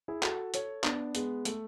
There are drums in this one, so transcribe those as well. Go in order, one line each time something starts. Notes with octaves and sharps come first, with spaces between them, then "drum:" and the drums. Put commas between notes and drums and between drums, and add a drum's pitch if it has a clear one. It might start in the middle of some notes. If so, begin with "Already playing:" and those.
E4 G#4
F#4 A4, drum: clap
A4 C#5, drum: hi-hat
B3 D4, drum: clap
G#3 B3, drum: hi-hat
A3, drum: hi-hat